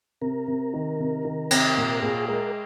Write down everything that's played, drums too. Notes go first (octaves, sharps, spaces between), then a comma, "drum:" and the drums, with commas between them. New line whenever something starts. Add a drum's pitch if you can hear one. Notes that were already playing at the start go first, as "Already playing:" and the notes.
C3 A#4
C3
D#3
C3
D#3
C3, drum: cymbal
A#2 A#4
A#2 G#4
G#3 A#4